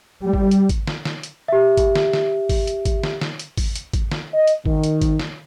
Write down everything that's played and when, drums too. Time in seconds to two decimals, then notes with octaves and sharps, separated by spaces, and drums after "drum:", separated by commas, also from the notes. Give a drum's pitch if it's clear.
0.22 G3
0.33 drum: kick G#1
0.51 drum: hi-hat
0.69 drum: kick G#1, hi-hat
0.87 drum: snare
1.05 drum: snare
1.23 drum: hi-hat
1.48 G4 E5
1.77 drum: kick G#1, hi-hat
1.95 drum: snare
2.13 drum: snare
2.49 drum: kick G#1, open hi-hat
2.67 drum: hi-hat
2.85 drum: kick G#1, hi-hat
3.03 drum: snare
3.21 drum: snare
3.39 drum: hi-hat
3.57 drum: kick G#1, open hi-hat
3.75 drum: hi-hat
3.93 drum: kick G#1, hi-hat
4.11 drum: snare
4.34 D#5
4.47 drum: hi-hat
4.65 D#3, drum: kick G#1
4.83 drum: hi-hat
5.02 drum: kick G#1, hi-hat
5.20 drum: snare